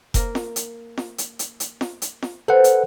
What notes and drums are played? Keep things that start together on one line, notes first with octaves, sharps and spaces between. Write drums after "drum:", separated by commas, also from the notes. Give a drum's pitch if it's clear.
A#3 A#4, drum: kick F1, hi-hat
drum: snare F4
drum: hi-hat
drum: snare F4
drum: hi-hat
drum: hi-hat
drum: hi-hat
drum: snare F4
drum: hi-hat
drum: snare F4
A4 B4 C5 F#5
drum: hi-hat